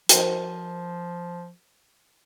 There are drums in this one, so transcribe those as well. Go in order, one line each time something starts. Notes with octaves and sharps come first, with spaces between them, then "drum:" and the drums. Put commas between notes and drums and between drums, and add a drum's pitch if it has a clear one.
F3 F#4 A#4 C5, drum: hi-hat